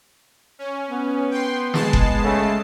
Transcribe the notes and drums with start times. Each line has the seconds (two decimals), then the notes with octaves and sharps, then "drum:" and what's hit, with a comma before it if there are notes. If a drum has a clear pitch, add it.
0.59 C#4
0.89 B3
1.31 G5 C6
1.74 G#3 A5 C7, drum: snare
1.93 drum: kick F#1
2.24 C#3 A3